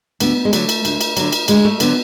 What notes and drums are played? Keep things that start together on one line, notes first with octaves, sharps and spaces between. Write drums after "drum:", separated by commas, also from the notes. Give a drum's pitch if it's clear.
D2 B3, drum: cymbal
G#3
D3 F#3 A3, drum: cymbal
drum: cymbal
D2, drum: cymbal
drum: cymbal
D3 F#3, drum: cymbal
drum: cymbal
D2 G#3, drum: cymbal
A3
D3 F#3 B3, drum: cymbal